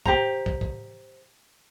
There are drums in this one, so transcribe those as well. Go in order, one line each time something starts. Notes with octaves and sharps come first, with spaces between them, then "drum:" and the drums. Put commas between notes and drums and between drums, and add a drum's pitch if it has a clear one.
G4 C5 A#5, drum: kick
drum: kick
drum: kick